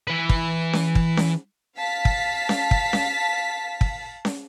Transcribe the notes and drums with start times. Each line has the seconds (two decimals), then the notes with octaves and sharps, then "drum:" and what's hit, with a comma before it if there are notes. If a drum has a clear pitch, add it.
0.08 E3 B4
0.29 drum: kick
0.73 drum: snare C#4
0.95 drum: kick
1.17 drum: snare C#4
1.77 F5 A5 B6
2.05 drum: kick
2.49 drum: snare C#4
2.71 drum: kick
2.93 drum: snare C#4
3.81 drum: kick
4.25 drum: snare C#4